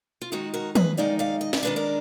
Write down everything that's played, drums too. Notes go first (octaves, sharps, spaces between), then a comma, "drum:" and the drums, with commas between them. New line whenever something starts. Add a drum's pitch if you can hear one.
F4
D#3 G#3 D#4 F#4
F#4 A#4
G#4 B4, drum: tom
D#3 G#3 D#4 D5 F5
D5 F5
D#5
D5, drum: snare
D#3 G#3 D4 B4
A#4 D5